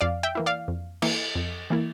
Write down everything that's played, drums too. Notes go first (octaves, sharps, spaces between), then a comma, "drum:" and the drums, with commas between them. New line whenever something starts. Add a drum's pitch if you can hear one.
F2 D5 F5
E5 G5
E3 A#3 E4
D5 F5
F2
E3 A#3 E4, drum: cymbal
F2
E3 A#3 E4